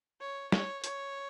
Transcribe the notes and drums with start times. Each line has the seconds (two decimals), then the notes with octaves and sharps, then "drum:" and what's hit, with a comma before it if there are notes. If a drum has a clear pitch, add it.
0.21 C#5
0.52 C#5, drum: snare
0.84 C#5, drum: hi-hat